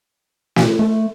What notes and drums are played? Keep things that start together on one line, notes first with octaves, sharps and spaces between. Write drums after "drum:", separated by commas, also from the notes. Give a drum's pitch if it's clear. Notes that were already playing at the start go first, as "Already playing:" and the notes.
drum: snare
A3